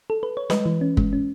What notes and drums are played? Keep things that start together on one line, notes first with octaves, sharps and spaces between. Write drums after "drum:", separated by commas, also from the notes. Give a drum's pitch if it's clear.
A4
B4
C#5
G#3 B4 D#5, drum: snare
E3
C#4
G#3, drum: kick
C#4